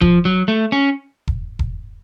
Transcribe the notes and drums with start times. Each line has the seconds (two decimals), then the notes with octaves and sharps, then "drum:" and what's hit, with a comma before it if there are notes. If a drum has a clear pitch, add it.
0.01 F3, drum: kick E1
0.25 F#3
0.48 A3
0.72 C#4
1.28 drum: kick E1
1.59 drum: kick E1